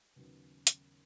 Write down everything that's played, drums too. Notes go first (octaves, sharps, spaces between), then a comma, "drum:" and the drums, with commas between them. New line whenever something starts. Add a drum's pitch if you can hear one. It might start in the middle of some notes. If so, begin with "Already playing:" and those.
D#2 C#3 F#3 B3
drum: hi-hat